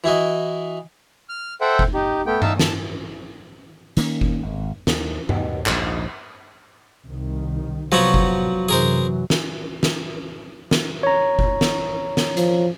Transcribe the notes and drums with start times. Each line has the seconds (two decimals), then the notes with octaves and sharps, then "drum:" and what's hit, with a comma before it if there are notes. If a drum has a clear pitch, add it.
0.04 E3 E4 F#4 D#5
1.29 F6
1.61 A4 C5 E5 F#5 G5
1.79 drum: kick F#1
1.94 D#4 G4
2.26 A3 B3 G5
2.42 D#4 E5 F5 A5 E6, drum: tom G2
2.59 A5, drum: snare
3.97 D#3 A#3 C#4, drum: hi-hat
4.21 drum: kick F#1
4.42 G#1
4.87 D#2, drum: snare
5.29 D#2 B2, drum: tom G2
5.66 A#1 D#2 G#2, drum: clap
7.06 C2 D#3
7.92 C3 F3 F#3 B3 F#4
8.14 drum: kick F#1
8.69 F#2 C3 E3 G#4 A#4 C5
9.30 drum: snare
9.83 drum: snare
10.71 drum: snare
11.03 C#5 A#5
11.39 drum: kick F#1
11.61 drum: snare
12.17 drum: snare
12.37 F3, drum: hi-hat